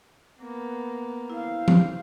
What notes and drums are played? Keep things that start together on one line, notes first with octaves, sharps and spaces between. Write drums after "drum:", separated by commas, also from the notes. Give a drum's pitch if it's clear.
A#3 B3
E4 C5 F5
drum: tom